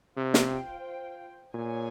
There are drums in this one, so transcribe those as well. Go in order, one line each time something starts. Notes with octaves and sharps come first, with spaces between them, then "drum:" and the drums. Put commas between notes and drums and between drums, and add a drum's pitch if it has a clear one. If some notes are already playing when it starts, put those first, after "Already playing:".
C3 F4 C5 G5
drum: snare
A#2 G#4 C#5 G#5